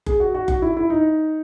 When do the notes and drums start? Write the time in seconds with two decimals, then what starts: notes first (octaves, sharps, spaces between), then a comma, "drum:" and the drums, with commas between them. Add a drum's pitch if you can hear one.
0.06 G#4, drum: kick F#1
0.20 F#4
0.34 F#4
0.48 F#4, drum: kick F#1
0.62 E4
0.77 E4
0.90 D#4